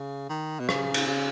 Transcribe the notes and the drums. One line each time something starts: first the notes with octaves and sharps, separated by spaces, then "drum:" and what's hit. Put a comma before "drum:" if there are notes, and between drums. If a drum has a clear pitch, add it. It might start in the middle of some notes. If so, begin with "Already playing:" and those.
Already playing: C#3
D#3
B2
C#3, drum: rim click
drum: cymbal
C#3